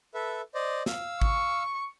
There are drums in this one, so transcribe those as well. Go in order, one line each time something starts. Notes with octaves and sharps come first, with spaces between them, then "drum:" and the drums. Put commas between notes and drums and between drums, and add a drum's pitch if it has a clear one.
A4 B4 E5
C5 D5 D#5
F5 E6, drum: snare
C#6, drum: kick G#1